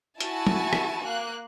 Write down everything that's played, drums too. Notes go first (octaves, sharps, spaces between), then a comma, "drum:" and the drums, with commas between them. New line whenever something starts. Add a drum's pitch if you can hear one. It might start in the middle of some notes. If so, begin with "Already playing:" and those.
E4 F#4 G#5 A5, drum: hi-hat
drum: tom F#3
drum: rim click
A#3 F#6